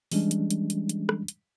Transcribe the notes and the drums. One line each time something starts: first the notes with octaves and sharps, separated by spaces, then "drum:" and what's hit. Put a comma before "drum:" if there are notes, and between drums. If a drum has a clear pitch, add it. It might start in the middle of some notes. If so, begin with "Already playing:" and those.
E3 G3 G#3 C#4 D4, drum: open hi-hat
drum: hi-hat
drum: hi-hat
drum: hi-hat
drum: hi-hat
drum: rim click
drum: hi-hat